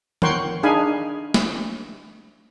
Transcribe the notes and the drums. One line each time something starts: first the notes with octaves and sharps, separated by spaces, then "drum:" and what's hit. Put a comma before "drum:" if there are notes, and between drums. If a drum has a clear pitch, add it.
A#4 C#5 F#5 G5 C6 C#6, drum: tom
D4 D#4 G#4 F5 G#5 B5
drum: snare